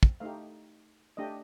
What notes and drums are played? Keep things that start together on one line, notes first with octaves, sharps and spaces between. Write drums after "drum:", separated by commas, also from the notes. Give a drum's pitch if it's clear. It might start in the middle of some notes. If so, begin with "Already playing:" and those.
drum: kick
A3 D#4 G4 F5
A3 D4 G4 D#5